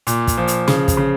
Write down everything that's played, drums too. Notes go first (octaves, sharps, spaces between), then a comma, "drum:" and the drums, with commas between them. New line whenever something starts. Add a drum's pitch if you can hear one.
A#2, drum: hi-hat
drum: kick, hi-hat
F3
drum: hi-hat
C#3, drum: snare
drum: kick, hi-hat
C#3